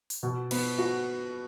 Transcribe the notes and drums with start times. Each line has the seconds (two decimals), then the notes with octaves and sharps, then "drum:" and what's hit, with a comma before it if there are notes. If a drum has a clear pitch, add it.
0.10 drum: open hi-hat
0.23 B2
0.51 B3, drum: cymbal
0.78 F#4